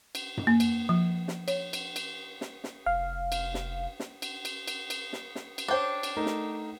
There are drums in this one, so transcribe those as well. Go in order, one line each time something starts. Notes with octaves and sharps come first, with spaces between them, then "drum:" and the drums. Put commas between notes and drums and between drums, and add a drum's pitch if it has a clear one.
drum: cymbal
drum: tom F#2
A#3
drum: cymbal
F3
drum: snare
C#5, drum: cymbal
drum: cymbal
drum: cymbal
drum: snare
drum: snare
F1 F5
drum: cymbal
drum: snare
drum: snare
drum: cymbal
drum: cymbal
drum: cymbal
drum: cymbal
drum: snare
drum: snare
drum: cymbal
D4 C5 C#5 G5
drum: cymbal
A3 D#4 A#4
drum: snare